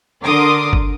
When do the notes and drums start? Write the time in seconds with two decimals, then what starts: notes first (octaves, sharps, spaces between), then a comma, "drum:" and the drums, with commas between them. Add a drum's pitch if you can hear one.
0.23 D3 A#4 C6 D6 D#6
0.73 drum: kick G1